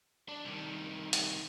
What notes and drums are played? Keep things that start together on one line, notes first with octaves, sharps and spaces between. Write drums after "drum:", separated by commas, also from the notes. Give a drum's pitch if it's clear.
D4
C2 D#3
drum: hi-hat